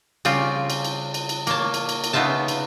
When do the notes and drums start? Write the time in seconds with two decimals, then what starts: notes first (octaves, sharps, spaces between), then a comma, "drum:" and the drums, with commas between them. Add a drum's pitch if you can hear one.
0.25 C#3 G3 C4 F4, drum: cymbal
0.70 drum: cymbal
0.85 drum: cymbal
1.14 drum: cymbal
1.29 drum: cymbal
1.47 A#3 C#5 A5, drum: cymbal
1.74 drum: cymbal
1.89 drum: cymbal
2.04 drum: cymbal
2.13 C#3 B3 D#4 F4 E5 A5
2.48 drum: cymbal